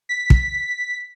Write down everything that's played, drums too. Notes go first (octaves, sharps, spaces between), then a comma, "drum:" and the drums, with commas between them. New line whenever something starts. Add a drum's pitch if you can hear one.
B6
drum: kick